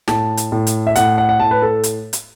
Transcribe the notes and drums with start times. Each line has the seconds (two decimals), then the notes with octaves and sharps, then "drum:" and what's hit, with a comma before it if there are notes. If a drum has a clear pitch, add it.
0.08 A2 A5, drum: snare
0.37 drum: hi-hat
0.52 A2
0.67 drum: hi-hat
0.87 E5
0.96 A2 F#5, drum: hi-hat
1.18 F#5
1.29 F#5
1.39 A2 A5
1.51 B4
1.62 A4
1.83 drum: hi-hat
2.13 drum: hi-hat